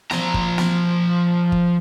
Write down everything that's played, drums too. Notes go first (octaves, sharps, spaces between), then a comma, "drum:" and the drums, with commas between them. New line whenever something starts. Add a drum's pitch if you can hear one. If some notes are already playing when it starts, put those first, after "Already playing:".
F3 A#5, drum: snare
drum: kick G1
drum: snare
drum: kick G1